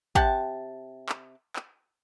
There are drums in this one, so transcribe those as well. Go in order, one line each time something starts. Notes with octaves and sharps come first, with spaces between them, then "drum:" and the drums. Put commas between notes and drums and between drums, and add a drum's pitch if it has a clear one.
C3 G4 F#5 A5, drum: kick
drum: clap
drum: clap